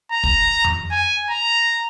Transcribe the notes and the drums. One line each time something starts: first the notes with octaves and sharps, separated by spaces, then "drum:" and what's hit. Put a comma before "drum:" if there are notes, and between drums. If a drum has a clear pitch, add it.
A#5
drum: kick
drum: tom F2
G#5
A#5